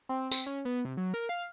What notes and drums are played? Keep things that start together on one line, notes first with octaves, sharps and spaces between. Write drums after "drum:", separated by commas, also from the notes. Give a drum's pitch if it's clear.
C4
C4, drum: tambourine
C#4
B3
C3
F#3
A#4
F5